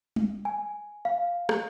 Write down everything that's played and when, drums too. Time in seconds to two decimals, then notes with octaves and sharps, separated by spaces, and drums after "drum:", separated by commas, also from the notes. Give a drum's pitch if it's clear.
0.16 drum: tom G3
0.45 G#5
1.05 F5
1.49 drum: rim click